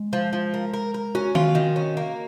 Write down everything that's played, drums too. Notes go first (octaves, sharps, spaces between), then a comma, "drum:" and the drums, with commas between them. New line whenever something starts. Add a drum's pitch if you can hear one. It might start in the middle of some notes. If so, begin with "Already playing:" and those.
Already playing: G#3
F3
F3
A#4
A#4
A#4
C#4 F#4
F4, drum: tom D#3
D#3
C#4
A#3